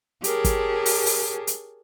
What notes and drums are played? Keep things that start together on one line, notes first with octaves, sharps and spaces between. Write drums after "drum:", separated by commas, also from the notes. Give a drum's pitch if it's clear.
G4 G#4 A#4 C#5 A5, drum: hi-hat
drum: kick, hi-hat
drum: open hi-hat
drum: open hi-hat
drum: hi-hat